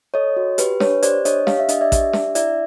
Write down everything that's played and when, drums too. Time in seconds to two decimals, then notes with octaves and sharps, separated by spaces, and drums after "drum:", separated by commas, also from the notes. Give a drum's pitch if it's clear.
0.14 A4 C#5 D#5
0.37 F#4
0.58 G4 B4, drum: hi-hat
0.80 D4 B4 C#5, drum: snare
1.02 G4 C5 D5, drum: hi-hat
1.25 D4 C#5 D#5, drum: hi-hat
1.47 G4 F5, drum: snare
1.59 E5
1.69 D4 D#5, drum: hi-hat
1.81 D5 E5
1.92 G4, drum: kick A1, hi-hat
2.13 D4, drum: snare
2.35 E4 D5 E5, drum: hi-hat